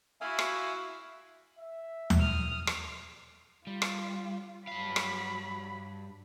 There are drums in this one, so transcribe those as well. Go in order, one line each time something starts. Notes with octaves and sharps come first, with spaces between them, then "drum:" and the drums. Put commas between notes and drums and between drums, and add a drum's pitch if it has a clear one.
E4 F#4 E5 F5 G#5
drum: rim click
E5
drum: tom D#2
D#6 F6
drum: rim click
G3 F4
drum: rim click
G2 F#3 F5 B5
drum: rim click